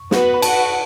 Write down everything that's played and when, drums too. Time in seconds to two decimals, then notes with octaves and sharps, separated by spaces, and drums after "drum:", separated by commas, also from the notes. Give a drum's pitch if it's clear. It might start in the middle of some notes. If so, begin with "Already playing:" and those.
Already playing: C#6
0.11 B3 F#4 B4, drum: snare
0.34 B5
0.42 F#4 B4 F#5 A5, drum: cymbal